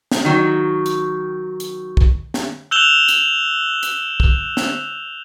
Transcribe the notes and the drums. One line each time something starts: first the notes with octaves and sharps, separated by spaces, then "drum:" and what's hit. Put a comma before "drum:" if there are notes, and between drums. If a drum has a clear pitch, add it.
drum: snare
D#3 F#3
drum: hi-hat
drum: hi-hat
drum: kick
drum: snare
E6 F#6 G6 E7 F7 G7
drum: hi-hat
drum: hi-hat
drum: kick
drum: snare